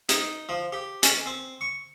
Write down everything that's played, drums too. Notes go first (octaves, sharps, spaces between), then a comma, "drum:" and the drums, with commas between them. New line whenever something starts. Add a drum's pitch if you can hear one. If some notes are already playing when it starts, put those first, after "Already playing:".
D#4, drum: hi-hat
F3
G4
C#4, drum: hi-hat
C4
C#6